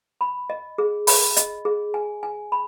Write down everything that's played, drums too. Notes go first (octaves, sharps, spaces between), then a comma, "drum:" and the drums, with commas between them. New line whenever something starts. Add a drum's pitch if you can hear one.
B5
D#5
G#4
B5, drum: open hi-hat
D#5, drum: hi-hat
G#4
G#5
G#5
B5